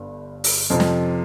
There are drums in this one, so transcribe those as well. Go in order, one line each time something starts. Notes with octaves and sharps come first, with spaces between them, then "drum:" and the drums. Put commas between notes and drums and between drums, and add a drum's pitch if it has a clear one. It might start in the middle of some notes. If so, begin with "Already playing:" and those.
Already playing: G1 G2
drum: open hi-hat
F2 C3 F3
drum: snare